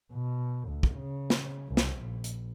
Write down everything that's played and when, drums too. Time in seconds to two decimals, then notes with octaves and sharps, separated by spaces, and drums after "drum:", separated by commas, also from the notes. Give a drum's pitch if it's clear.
0.12 B2
0.69 D2
0.83 drum: kick
0.98 C#3
1.30 drum: snare
1.68 C2
1.77 drum: snare
2.01 A#1
2.24 drum: hi-hat